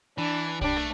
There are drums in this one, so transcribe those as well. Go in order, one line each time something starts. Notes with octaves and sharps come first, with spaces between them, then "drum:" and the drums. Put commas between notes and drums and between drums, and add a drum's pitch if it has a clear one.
E3 D4
G3 D4, drum: kick
A3